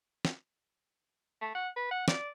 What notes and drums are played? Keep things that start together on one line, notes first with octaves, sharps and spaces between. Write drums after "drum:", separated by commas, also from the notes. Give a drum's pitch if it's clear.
drum: snare
A3
F#5
B4
F#5
D5, drum: snare